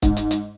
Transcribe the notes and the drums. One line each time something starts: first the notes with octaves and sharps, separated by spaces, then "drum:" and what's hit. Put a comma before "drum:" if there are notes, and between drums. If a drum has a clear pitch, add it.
G#2, drum: kick, hi-hat
drum: hi-hat
drum: hi-hat